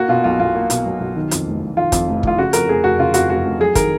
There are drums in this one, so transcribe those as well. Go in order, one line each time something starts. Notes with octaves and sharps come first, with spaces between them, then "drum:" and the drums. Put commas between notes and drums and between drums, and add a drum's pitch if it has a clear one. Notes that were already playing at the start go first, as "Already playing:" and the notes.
Already playing: A#3 F#4
B2 F4
B1 F4
B1 F4
A#3
B2, drum: hi-hat
B1
B1
D#3
F2, drum: hi-hat
F1
F1
D#3 F4
F2, drum: kick, hi-hat
F1
F1 F4, drum: kick
C#3 F#4
F2 A#4, drum: hi-hat
F1 G#4
F1 F#4
C#3 F4
F2 F#4, drum: hi-hat
F1 F#4
F1
F#3 G#4
D#3 A#4, drum: kick, hi-hat